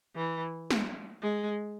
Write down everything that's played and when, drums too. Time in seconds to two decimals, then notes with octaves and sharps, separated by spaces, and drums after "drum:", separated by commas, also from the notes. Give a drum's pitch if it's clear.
0.16 E3
0.70 drum: snare
1.22 G#3